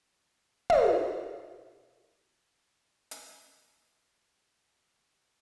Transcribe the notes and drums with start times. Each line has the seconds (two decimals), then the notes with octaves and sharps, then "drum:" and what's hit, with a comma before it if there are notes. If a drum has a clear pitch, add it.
0.70 drum: tom
1.05 G#2 A3 C5
1.35 A1 B2 D#4 F4 G6
3.11 F3 A#3 G4, drum: hi-hat